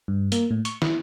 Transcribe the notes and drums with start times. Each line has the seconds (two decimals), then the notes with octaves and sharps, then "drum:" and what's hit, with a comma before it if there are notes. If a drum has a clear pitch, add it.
0.08 G2
0.32 A#3, drum: hi-hat
0.51 A2
0.65 C#6, drum: hi-hat
0.82 E4, drum: snare